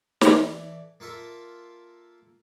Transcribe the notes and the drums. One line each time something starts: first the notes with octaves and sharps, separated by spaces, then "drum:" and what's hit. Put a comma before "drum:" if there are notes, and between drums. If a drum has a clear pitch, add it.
E3 A4 D5, drum: snare
A#3 F4 A4 E5